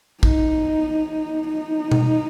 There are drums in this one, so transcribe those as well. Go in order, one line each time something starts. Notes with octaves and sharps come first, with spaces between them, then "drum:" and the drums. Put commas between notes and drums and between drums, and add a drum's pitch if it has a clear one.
D#4, drum: kick A#1
D#4
drum: tom B2